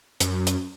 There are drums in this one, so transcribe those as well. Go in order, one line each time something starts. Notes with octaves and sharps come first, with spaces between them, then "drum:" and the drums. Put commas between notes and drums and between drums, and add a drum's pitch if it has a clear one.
F#2, drum: hi-hat
drum: hi-hat